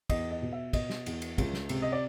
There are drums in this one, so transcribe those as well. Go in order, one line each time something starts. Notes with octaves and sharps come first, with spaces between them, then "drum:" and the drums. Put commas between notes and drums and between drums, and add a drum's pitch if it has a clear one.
E2 D#5, drum: kick, cymbal
D#5
B2
E5
B2 D#5, drum: kick, cymbal
drum: snare
E2, drum: cymbal
drum: cymbal
C#2, drum: kick, cymbal
drum: snare
C3, drum: cymbal
D#5
D5